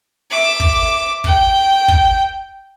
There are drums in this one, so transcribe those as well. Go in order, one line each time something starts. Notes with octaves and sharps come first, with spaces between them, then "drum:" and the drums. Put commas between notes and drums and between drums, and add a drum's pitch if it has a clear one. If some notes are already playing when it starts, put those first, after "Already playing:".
E5 D6
drum: kick
G5, drum: kick
drum: kick